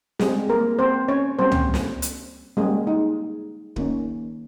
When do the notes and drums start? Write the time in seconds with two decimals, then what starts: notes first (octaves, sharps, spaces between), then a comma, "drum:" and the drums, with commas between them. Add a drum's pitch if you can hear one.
0.19 G3 G#3 C4 G#4, drum: snare
0.49 A#3 A#4
0.79 C4 C5
1.08 C#4 C#5
1.39 G3 A#3 C4 C#4 C5
1.52 drum: tom C#2
1.74 drum: snare
2.02 drum: hi-hat
2.57 G3 G#3 A#3 C#4 G#4
2.87 D#4
3.76 D#3 A#3 C#4, drum: kick